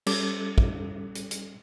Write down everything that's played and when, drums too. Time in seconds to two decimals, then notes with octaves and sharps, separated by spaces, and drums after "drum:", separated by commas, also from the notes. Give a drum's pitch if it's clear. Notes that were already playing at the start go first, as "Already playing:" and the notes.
0.07 G3 C#4 A4 D6, drum: cymbal
0.58 drum: kick
1.15 drum: hi-hat
1.31 drum: hi-hat